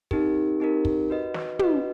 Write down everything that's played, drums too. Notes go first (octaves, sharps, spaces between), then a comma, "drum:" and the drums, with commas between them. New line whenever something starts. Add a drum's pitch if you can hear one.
C4 D#4 G4 A#4, drum: kick
C4 D#4 G4 A#4
drum: kick
F#4 B4 D#5
drum: snare
F#4 B4 D#5, drum: tom